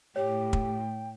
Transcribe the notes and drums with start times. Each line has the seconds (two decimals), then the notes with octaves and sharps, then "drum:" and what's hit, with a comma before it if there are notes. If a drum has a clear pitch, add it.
0.16 A2 G4 C#5 G5
0.53 drum: kick